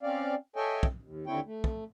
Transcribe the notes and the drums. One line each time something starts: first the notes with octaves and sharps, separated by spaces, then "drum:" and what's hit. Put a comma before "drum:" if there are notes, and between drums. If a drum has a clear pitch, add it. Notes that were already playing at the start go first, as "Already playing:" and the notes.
C4 C#4 D5 F5
A4 C#5 D#5 E5 G5 G#5
drum: kick
D#2
D#2 D3 C4 E4 C#5 G5
A3
drum: kick